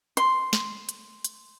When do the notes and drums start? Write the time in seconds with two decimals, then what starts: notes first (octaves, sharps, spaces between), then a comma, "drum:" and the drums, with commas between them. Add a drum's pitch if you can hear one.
0.17 C6, drum: hi-hat
0.53 drum: snare
0.89 drum: hi-hat
1.24 drum: hi-hat